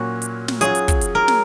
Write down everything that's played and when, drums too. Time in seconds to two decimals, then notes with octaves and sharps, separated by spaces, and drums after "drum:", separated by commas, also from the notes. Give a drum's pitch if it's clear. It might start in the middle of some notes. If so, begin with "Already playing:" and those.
Already playing: A#2 F#3 A#3 C#4 F#4
0.22 drum: hi-hat
0.48 drum: snare
0.61 F#3 C#4 F4 G#4, drum: hi-hat
0.75 drum: hi-hat
0.88 drum: kick, hi-hat
1.01 drum: hi-hat
1.15 A#4
1.28 drum: snare